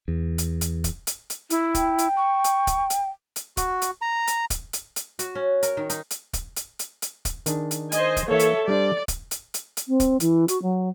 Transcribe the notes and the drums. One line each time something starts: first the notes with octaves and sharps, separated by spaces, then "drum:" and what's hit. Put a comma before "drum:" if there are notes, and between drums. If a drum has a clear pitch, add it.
E2
drum: hi-hat
drum: hi-hat
drum: kick, hi-hat
drum: hi-hat
drum: hi-hat
E4, drum: hi-hat
G5, drum: kick, hi-hat
drum: hi-hat
C#6
drum: hi-hat
drum: kick, hi-hat
drum: hi-hat
drum: hi-hat
F#4, drum: kick, hi-hat
drum: hi-hat
A#5
drum: hi-hat
drum: kick, hi-hat
drum: hi-hat
drum: hi-hat
F#4, drum: hi-hat
C#4
A#4, drum: hi-hat
D#3
D#4, drum: hi-hat
drum: hi-hat
drum: kick, hi-hat
drum: hi-hat
drum: hi-hat
drum: hi-hat
drum: kick, hi-hat
D#3 D4 G#4, drum: hi-hat
drum: hi-hat
C5 D#5 G#5, drum: hi-hat
drum: kick, hi-hat
E3 A#3 A4 C#5 E5
drum: hi-hat
G3 D4 C5 D5
drum: kick, hi-hat
drum: hi-hat
drum: hi-hat
drum: hi-hat
C4
drum: kick, hi-hat
E3, drum: hi-hat
F#4, drum: hi-hat
F#3